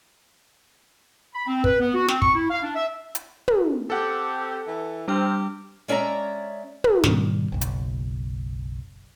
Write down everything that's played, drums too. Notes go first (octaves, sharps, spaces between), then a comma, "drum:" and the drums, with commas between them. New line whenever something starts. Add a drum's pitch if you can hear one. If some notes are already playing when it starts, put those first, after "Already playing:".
B5
C4
B4, drum: kick
B3
F#4
C4, drum: snare
C#6, drum: kick
E4
F5
D4
E5
drum: hi-hat
drum: tom
C4 G4 A4 F#5
E3
G3 C4 D4 G4 F6
G#3 C#4 D5 E5 A#5
drum: tom
G#2 B2 D#3 G3, drum: snare
F#1 B1
drum: hi-hat